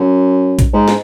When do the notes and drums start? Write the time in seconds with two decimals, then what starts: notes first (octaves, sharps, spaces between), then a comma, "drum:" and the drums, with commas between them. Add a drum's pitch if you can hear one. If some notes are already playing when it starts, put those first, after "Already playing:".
Already playing: F#2
0.59 drum: kick A#1, hi-hat
0.73 G#2
0.88 drum: snare